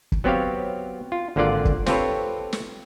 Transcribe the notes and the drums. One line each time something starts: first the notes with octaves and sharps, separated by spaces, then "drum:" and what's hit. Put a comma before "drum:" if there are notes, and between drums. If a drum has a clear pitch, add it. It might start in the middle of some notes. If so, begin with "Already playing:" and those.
drum: kick
F#3 B3 C4 G4 C#5 F5
F4
G#1 D3 A#3 F4 D5 F#5
drum: kick
C4 F4 G4 A4 B4 C#5, drum: snare
drum: snare